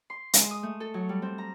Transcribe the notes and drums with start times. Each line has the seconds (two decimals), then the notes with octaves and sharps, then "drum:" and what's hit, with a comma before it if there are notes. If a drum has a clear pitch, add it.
0.10 C6
0.33 G#3, drum: hi-hat
0.51 D#6
0.63 A3
0.80 A4
0.94 F#3
1.09 G3
1.22 C4
1.38 A#5